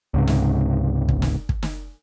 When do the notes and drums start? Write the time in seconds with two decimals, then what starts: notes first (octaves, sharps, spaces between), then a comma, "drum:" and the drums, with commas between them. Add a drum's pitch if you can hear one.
0.14 C#2 G#2 C3
0.27 drum: snare
1.09 drum: kick
1.22 drum: snare
1.49 drum: kick
1.63 drum: snare